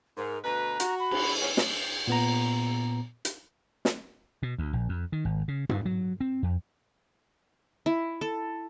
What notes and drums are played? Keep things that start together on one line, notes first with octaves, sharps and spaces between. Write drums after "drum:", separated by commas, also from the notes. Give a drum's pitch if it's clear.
G#2 A#4
D2 B2 B4 A#5
F#4, drum: hi-hat
B5
drum: cymbal
E3 B3 C#4
drum: snare
A#2 B3 A#5
drum: hi-hat
drum: snare
B2
D2
A#1
F2
D#3
G#1
C#3
G2, drum: tom G#2
F#3
C4
F2
E4
A4